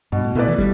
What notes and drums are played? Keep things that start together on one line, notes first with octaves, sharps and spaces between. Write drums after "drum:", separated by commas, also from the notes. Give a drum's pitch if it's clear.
G2 B2
A2
B2 A3 E4 B4 D5
E3
G3, drum: kick